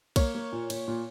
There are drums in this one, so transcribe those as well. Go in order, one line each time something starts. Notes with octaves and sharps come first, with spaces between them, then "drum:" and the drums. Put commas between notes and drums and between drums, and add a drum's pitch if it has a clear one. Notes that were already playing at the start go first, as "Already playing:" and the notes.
A#3 C#5, drum: kick B1, cymbal
A#3
A#2
A#2, drum: cymbal
A#2